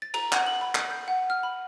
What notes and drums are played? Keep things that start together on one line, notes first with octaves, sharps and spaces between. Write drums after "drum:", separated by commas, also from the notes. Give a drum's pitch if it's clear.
A6
A#5, drum: cymbal
F#5, drum: clap
F#7
B5
drum: clap
G6
F#5
F6
B5